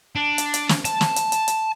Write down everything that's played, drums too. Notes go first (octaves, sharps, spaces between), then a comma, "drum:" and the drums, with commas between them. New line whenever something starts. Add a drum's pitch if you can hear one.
D4
drum: hi-hat
drum: hi-hat
drum: snare
A5, drum: hi-hat
drum: snare
drum: hi-hat
drum: hi-hat
drum: hi-hat